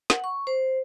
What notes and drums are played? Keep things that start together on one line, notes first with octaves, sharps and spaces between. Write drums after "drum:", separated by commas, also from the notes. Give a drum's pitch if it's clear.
F#5, drum: snare
C#6
C5